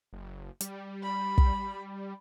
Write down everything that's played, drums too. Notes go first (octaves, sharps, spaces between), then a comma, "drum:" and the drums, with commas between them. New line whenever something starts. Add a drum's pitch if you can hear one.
F#1
G3, drum: hi-hat
B5
drum: kick